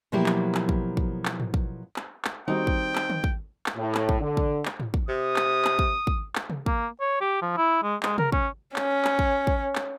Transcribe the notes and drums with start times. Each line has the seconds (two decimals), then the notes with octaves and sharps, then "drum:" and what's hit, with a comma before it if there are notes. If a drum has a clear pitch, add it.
0.12 B2 F3 F#3 A#3 E4 G4
0.26 drum: clap
0.55 drum: clap
0.69 drum: kick
0.97 drum: kick
1.25 drum: clap
1.40 drum: tom G#2
1.54 drum: kick
1.96 drum: clap
2.25 drum: clap
2.48 D#3 G3 C4 D#4 F#4 G5
2.67 drum: kick
2.95 drum: clap
3.10 drum: tom D3
3.24 drum: kick
3.66 drum: clap
3.77 A2
3.95 drum: clap
4.09 drum: kick
4.21 D3
4.37 drum: kick
4.65 drum: clap
4.80 drum: tom G#2
4.94 drum: kick
5.09 C3 D#6
5.36 drum: clap
5.65 drum: clap
5.79 drum: kick
6.07 drum: kick
6.35 drum: clap
6.50 drum: tom C3
6.66 A#3, drum: kick
7.01 C#5
7.21 G4
7.42 F3
7.57 E4
7.83 G#3
8.03 G#3, drum: clap
8.18 A#4, drum: tom C3
8.32 C#4, drum: kick
8.76 C#4, drum: clap
9.05 drum: clap
9.19 drum: kick
9.47 drum: kick
9.75 drum: clap